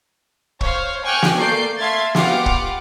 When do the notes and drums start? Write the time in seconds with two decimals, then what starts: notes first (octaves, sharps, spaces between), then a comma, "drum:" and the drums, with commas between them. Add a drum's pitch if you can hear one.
0.61 C5 C#5 F5, drum: kick
1.03 G5 G#5 C#6 D6 F6 F#6
1.22 drum: snare
1.37 A3 A#3 D5 G6 C7 D7
1.77 A3 E5 F5 C6 G#6 A6
2.15 F4 G4 B4 F5 F#5 D6, drum: snare
2.46 drum: kick